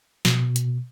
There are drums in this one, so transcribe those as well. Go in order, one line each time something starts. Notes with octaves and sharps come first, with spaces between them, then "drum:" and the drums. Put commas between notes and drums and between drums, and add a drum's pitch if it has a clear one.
B2, drum: snare
drum: hi-hat